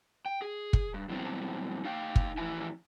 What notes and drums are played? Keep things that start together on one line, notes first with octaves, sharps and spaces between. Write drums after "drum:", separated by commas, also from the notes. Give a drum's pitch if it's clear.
G5
G#4
drum: kick
G2
F#2 B2 E3 G3 C4
D#4 F5 G5
drum: kick
F2 A2 E3 E4 E5 G#5